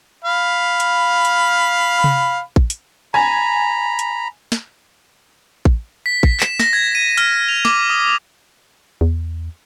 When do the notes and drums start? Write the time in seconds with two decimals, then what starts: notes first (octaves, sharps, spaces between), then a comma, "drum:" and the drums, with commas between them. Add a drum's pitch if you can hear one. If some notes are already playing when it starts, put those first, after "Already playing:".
0.24 F5 B5
0.80 drum: hi-hat
1.25 drum: hi-hat
2.04 drum: tom C3
2.56 drum: kick
2.70 drum: hi-hat
3.14 G#5 A#5 B5
3.99 drum: hi-hat
4.52 drum: snare
5.65 drum: kick
6.06 B6
6.23 drum: kick
6.40 E7, drum: clap
6.60 A#6, drum: snare
6.73 G#6
6.95 D#7
7.18 F6, drum: hi-hat
7.48 F7
7.65 D6, drum: snare
7.90 D#6
9.01 E2